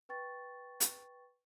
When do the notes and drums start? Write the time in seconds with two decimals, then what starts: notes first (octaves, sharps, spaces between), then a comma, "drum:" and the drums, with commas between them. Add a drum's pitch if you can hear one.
0.09 B4 G5 C#6 A6
0.80 drum: hi-hat